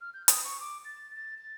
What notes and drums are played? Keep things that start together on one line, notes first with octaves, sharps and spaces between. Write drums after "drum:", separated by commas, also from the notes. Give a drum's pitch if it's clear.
F6
G6
D#6, drum: hi-hat
C#6
D6
A6
A6
A6